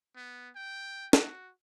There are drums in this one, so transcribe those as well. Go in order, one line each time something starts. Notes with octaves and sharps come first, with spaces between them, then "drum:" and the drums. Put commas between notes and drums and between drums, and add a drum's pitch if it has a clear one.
B3
G5
F#4, drum: snare